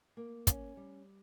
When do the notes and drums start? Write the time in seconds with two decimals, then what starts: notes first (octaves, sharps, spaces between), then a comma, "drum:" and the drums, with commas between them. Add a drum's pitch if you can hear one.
0.17 A#3
0.47 C#4, drum: kick, hi-hat
0.77 G3